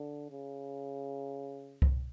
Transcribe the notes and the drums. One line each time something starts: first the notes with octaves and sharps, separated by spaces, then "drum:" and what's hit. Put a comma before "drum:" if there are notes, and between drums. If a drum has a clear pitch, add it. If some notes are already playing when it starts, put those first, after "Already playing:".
Already playing: D3
C#3
drum: kick C2